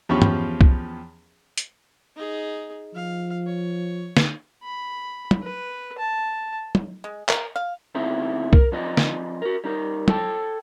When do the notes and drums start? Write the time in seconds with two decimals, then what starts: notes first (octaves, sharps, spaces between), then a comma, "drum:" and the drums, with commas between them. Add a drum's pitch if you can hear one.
0.09 E2 F3 C#4 G4 B5 C#6
0.22 drum: tom
0.61 drum: kick C2
1.58 drum: hi-hat
2.16 D#4 G#4
2.95 F3 F5
3.46 C#5
4.17 drum: snare
4.64 B5
5.31 drum: tom F#3
5.42 B4
5.98 A5
6.75 drum: tom F#3
7.04 G#3
7.29 A#4, drum: clap
7.56 F5
7.95 D2 B3 C4 D#4 E4 G#4
8.53 A#4, drum: kick C2
8.72 F3 C4 F4 B4 D5 D#5
8.97 drum: snare
9.42 F#4 A#4
9.64 G3 D#4 A#4
10.08 A4 G5 A5, drum: tom F#3